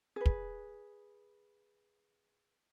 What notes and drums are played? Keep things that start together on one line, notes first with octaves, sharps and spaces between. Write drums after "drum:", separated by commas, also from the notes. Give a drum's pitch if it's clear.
G#4 B4
drum: kick